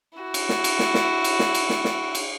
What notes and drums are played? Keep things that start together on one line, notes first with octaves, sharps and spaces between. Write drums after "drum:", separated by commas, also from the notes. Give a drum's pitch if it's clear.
E4 F#4
drum: cymbal
drum: snare
drum: cymbal
drum: snare
drum: snare
drum: cymbal
drum: snare
drum: cymbal
drum: snare
drum: snare
drum: cymbal